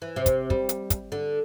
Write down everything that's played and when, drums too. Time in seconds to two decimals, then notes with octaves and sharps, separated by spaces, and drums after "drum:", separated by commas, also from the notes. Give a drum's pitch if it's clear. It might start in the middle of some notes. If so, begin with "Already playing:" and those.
0.02 E3
0.16 C3
0.26 drum: kick, hi-hat
0.50 G3, drum: kick
0.69 drum: hi-hat
0.90 drum: kick, hi-hat
1.12 D3